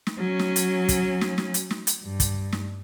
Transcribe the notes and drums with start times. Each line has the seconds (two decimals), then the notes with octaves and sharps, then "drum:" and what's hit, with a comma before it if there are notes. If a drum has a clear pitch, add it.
0.07 drum: snare
0.18 F#3 C#4
0.39 drum: snare
0.56 drum: hi-hat
0.89 drum: kick, hi-hat
1.21 drum: snare
1.38 drum: snare
1.54 drum: hi-hat
1.71 drum: snare
1.87 drum: hi-hat
2.03 G2
2.20 drum: kick, hi-hat
2.52 drum: snare